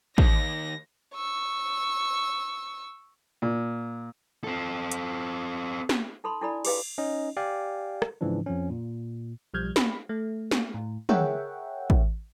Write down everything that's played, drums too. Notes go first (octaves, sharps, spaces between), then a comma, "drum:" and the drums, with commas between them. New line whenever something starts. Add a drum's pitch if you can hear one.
D#2 A#6, drum: kick
C#6 E6
A#2
C4 A4
drum: hi-hat
drum: snare
D#4 A4 B5 C6
D4 E4 A4 D5 B5
G4 G#4 B4 D#5 F5, drum: cymbal
C#4 D#4 D#5
G4 D5 F5 G5 G#5
drum: rim click
G#2 C#3 E3 F3 D4
F2 F3 C#4
A#2
B1 F3 G3 F6 G6 G#6
B5, drum: snare
A3
drum: snare
A2
G#4 A#4 C#5 E5 F#5 G5, drum: tom
drum: kick